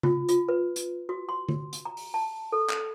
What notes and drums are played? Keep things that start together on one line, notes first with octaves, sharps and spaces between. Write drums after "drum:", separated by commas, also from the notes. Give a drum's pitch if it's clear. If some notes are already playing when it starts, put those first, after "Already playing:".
F4, drum: tom C#3
F4, drum: hi-hat
B4
drum: hi-hat
F#4
C6
drum: tom D3
drum: hi-hat
A#5
drum: open hi-hat
A5
A4
drum: clap